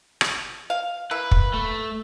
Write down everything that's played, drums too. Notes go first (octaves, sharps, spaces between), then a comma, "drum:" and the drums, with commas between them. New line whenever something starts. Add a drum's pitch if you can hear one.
drum: rim click
F5
A#3 E4 B4
drum: kick
A3